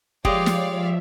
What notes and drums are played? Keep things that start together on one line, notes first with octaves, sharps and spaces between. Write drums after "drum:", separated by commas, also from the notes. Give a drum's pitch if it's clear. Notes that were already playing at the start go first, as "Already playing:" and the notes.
F3 G#3 G4 C#5 D5 F5, drum: kick
drum: snare
F3 E5